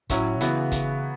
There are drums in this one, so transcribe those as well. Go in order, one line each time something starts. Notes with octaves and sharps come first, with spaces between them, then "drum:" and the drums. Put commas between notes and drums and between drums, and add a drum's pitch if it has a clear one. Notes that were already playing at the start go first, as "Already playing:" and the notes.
A2 F#3 C#4 E4, drum: kick, hi-hat
B2
C#3 E3 B3 F#4, drum: hi-hat
drum: kick, hi-hat